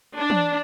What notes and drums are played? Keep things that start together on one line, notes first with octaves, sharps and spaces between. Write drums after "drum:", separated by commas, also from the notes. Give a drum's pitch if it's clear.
D4
drum: tom E3